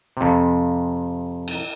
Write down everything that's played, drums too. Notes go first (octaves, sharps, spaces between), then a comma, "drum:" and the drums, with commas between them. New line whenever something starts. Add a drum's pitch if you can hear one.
F2 C3
drum: cymbal